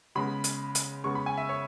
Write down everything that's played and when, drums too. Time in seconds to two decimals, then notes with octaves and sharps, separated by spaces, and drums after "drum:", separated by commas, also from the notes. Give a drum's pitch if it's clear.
0.15 C#3 G#3 B3 B5
0.44 drum: hi-hat
0.75 drum: hi-hat
1.04 C#3 G#3 B3 C#6
1.15 B5
1.26 G#5
1.37 E5
1.49 C#5